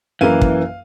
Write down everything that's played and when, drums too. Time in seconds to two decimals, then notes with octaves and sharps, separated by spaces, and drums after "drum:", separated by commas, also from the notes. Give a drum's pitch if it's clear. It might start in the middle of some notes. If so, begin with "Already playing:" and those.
0.21 F#2 E3 A#3 F5 D#7
0.41 drum: kick